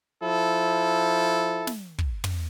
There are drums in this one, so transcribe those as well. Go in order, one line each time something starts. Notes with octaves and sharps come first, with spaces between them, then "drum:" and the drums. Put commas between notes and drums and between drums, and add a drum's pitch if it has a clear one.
F3 E4 A4
drum: snare
drum: kick
drum: tom